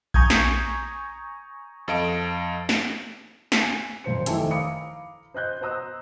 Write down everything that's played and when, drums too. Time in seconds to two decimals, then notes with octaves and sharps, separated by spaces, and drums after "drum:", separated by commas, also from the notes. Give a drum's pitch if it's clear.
0.14 G#5 A#5 C#6 D#6 G6 G#6, drum: kick A#1
0.30 drum: snare
1.88 F2 A4 D#5 F5 D7
2.69 drum: snare
3.52 drum: snare
3.62 G#5
4.04 F#1 A#2 C5 C#7
4.26 F1 D#2 E4 A4 G#5 E6, drum: hi-hat
4.51 F5 A#5 B5 D6 D#6 C#7
5.34 C5 D#5 F#6 G6
5.61 C5 D#5 A#5 D#6 E6 F#6